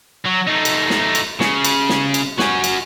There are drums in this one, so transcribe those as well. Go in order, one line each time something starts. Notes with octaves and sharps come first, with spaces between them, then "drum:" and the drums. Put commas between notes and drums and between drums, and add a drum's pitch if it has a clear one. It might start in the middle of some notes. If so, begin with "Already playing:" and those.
F#3
A3 D#4
drum: cymbal
drum: snare
drum: cymbal
C#3, drum: snare
drum: cymbal
drum: snare
drum: cymbal
F#4 G#5, drum: snare
drum: cymbal